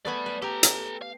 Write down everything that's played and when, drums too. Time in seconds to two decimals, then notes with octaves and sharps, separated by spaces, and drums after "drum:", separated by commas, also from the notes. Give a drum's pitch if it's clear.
0.05 A3 B3 D5 G#5 B5
0.26 B4
0.42 G4 A4 A#5
0.63 drum: hi-hat
1.02 F5